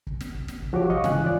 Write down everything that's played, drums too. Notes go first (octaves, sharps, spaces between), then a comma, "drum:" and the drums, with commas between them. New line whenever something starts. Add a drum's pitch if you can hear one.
drum: kick
drum: snare
drum: kick
drum: snare
drum: kick
F3 F#4 G4 C#5 D6
D#5 F5 C#6, drum: kick
G#2 C#3 E3 G#5 F#6, drum: snare
F4 D5